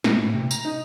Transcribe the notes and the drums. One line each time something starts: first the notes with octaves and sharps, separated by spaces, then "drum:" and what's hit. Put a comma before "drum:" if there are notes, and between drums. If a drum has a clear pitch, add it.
A#2, drum: snare
A2
C3
A#5, drum: tambourine
D#4